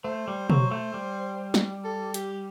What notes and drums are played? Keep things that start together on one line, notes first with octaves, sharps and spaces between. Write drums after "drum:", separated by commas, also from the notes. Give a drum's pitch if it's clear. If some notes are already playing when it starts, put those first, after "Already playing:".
A3 C5
G3
F#3, drum: tom B2
A3
G3
drum: snare
A4
G4, drum: hi-hat